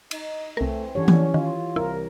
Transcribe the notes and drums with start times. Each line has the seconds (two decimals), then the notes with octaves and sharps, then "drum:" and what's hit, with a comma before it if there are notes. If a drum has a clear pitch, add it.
0.11 D#4, drum: cymbal
0.57 C2 E3 A3 C4 A#4
0.95 D3 E3 C#4 G4 C#5
1.08 drum: tom E3
1.34 D#3 F4
1.76 C2 E4 A#4